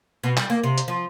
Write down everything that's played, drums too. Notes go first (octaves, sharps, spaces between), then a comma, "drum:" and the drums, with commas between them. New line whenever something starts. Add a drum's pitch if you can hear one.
B2
G3, drum: clap
A#3
C3
drum: hi-hat
F3